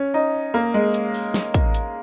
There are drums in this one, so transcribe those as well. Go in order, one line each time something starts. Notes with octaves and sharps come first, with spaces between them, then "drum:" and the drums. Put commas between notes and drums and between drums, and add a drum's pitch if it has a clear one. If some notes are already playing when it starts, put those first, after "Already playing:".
Already playing: C#4
D#4
A#3
G#3
drum: hi-hat
drum: open hi-hat
drum: snare
drum: kick, hi-hat
drum: hi-hat